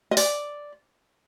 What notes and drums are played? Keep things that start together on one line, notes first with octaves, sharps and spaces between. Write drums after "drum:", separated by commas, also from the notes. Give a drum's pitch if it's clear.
D#5
D5, drum: open hi-hat